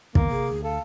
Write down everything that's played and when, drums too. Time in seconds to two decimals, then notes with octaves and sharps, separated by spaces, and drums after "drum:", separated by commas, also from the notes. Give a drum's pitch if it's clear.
0.15 D#3 E3 A#3 B3, drum: kick
0.30 C3 G#4
0.50 D2
0.64 A4 F5